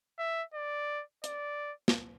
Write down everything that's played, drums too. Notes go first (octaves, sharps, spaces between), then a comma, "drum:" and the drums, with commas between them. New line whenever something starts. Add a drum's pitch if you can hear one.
E5
D5
D5, drum: hi-hat
drum: snare